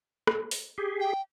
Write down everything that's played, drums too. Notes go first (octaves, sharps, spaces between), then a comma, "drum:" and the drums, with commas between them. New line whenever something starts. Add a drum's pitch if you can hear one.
drum: rim click
drum: open hi-hat
G4 G#4
G5